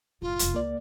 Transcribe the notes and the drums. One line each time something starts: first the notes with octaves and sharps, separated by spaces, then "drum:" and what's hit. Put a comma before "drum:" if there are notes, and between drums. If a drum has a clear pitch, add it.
F#1 A2 F4
F1 A3, drum: hi-hat
C#2 A#3 D5